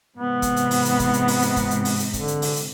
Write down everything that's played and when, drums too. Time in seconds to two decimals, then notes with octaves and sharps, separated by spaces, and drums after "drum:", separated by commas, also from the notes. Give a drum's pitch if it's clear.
0.17 G#2 C3 E3 B3
0.42 drum: kick, hi-hat
0.56 drum: hi-hat
0.71 drum: open hi-hat
0.85 drum: hi-hat
0.99 drum: kick, hi-hat
1.14 drum: hi-hat
1.28 drum: open hi-hat
1.42 drum: hi-hat
1.56 drum: kick, hi-hat
1.71 drum: hi-hat
1.85 drum: open hi-hat
1.99 drum: hi-hat
2.13 D3, drum: kick, hi-hat
2.28 drum: hi-hat
2.42 drum: open hi-hat
2.56 drum: hi-hat